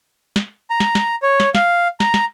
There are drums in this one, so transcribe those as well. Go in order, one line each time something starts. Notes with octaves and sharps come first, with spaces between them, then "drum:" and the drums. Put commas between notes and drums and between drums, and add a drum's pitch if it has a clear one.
drum: snare
A#5
drum: snare
drum: snare
C#5
drum: snare
F5, drum: snare
A#5, drum: snare
drum: snare